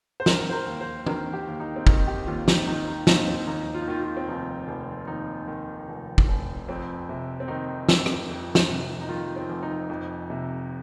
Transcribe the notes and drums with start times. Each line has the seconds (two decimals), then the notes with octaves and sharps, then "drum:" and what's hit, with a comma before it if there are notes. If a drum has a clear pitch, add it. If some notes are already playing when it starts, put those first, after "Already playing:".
0.20 C5
0.26 D#3 A#4, drum: snare
0.49 C5
0.53 A#4
0.66 D#2
0.81 C5
1.06 D#3 A#4, drum: tom
1.33 G4
1.47 D#2
1.60 D#4
1.76 C4
1.87 D#3 D#4, drum: kick
2.07 G4
2.27 D#2 F4
2.48 D#4, drum: snare
2.67 D#3 D#4
2.88 D#4
3.07 D#2 D#4, drum: snare
3.28 C4
3.47 D#2 D#4
3.74 F4
3.82 D#4
3.88 D#3 F4
4.01 F4
4.17 C4
4.28 F1 D#4
4.68 F1
5.07 D#2 D#4
5.47 D#3
5.88 F1
6.18 drum: kick
6.28 F1
6.68 F2 C4
7.09 C3
7.40 C4
7.48 D#3 D#4
7.89 F1, drum: snare
8.06 drum: rim click
8.29 F2
8.55 drum: snare
8.68 C3
9.01 D#4
9.09 D#3 F4
9.36 C4
9.49 F1
9.63 D#4
9.90 F2
10.30 C3